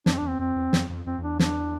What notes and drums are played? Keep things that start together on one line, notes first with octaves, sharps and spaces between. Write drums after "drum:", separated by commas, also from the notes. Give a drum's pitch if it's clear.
F2 D4, drum: snare
C4
D4
E2
C4
F2 C4
E2
F2, drum: snare
F2
F2 C4
F2
E2 D4
D4, drum: snare